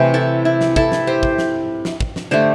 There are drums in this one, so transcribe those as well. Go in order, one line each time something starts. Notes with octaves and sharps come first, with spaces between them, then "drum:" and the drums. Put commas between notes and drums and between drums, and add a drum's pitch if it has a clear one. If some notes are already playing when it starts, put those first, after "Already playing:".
Already playing: C3 E3 A3 G4 C5
E4 A4
E4
drum: snare
E4 A4, drum: kick
drum: snare
G4 C5
drum: kick
drum: snare
drum: snare
drum: kick
drum: snare
D3 A3 G4 C5